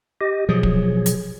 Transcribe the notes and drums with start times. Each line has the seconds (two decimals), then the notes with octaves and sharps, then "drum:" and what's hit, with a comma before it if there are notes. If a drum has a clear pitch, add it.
0.21 G4 D#5
0.49 B2 F3 F#3 G#4
0.63 drum: kick
1.06 drum: hi-hat